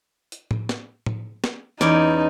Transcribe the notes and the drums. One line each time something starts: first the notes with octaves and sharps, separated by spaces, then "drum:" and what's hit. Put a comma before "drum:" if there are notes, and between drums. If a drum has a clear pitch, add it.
drum: hi-hat
drum: tom A2
drum: snare
drum: tom A2
drum: snare
E2 C#4 D#4 D5, drum: snare